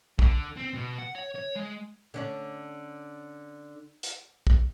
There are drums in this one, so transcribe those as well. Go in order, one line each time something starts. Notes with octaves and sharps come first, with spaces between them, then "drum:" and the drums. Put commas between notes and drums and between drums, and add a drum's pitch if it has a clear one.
D3, drum: kick
C4
B2
F#5
C#5
C#5
G#3
D3 C#4 D4
drum: hi-hat
drum: kick